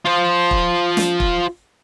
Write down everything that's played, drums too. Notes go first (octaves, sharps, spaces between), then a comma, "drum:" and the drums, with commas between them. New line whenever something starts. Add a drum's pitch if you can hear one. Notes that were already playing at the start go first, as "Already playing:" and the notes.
F4 C5
drum: kick
drum: snare
drum: kick